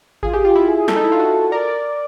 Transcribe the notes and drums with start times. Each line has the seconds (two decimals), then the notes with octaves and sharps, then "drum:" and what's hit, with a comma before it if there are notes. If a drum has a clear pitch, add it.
0.23 F4 G#4, drum: kick G#1
0.33 G4 G#4
0.45 F4 G4
0.55 E4
0.66 G#4
0.77 G#4
0.88 A4, drum: snare
0.96 D#4
1.04 E4
1.12 F4
1.19 F#4
1.52 A#4 D5